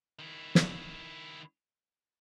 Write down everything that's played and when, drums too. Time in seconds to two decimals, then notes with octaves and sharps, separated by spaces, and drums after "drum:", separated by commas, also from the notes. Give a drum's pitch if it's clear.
0.19 D#3 E4
0.55 drum: snare